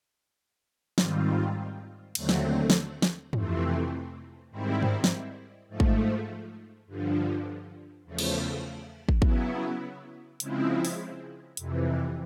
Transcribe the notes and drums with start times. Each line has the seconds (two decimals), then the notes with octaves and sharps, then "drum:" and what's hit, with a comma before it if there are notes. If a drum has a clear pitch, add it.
0.98 G#2 D#3 G3 C4 F4, drum: snare
2.15 D#2 D3 F#3 A3 C4, drum: cymbal
2.29 drum: snare
2.70 drum: snare
3.02 drum: snare
3.33 F2 C3 E3 A3 C4, drum: tom G2
4.51 G#2 D#3 G3 C4 E4
4.82 drum: tom G2
5.04 drum: snare
5.69 G#2 F3 A3
5.80 drum: kick
6.87 G2 D3 F3
8.04 E2 C#3 F3 A3
8.19 drum: cymbal
9.09 drum: kick
9.22 C#3 F#3 B3 E4, drum: kick
10.40 C#3 F3 G#3 C4 E4, drum: hi-hat
10.85 drum: open hi-hat
11.57 F2 C3 E3, drum: hi-hat